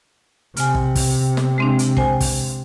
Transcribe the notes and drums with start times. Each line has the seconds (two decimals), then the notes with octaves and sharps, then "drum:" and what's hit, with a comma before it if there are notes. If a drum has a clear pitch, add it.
0.57 C3 G#5 F6, drum: hi-hat
0.75 drum: kick
0.95 drum: kick, open hi-hat
1.37 drum: snare
1.58 G#3 C4 D4
1.79 drum: hi-hat
1.97 C5 G5 G#5, drum: kick
2.20 drum: kick, open hi-hat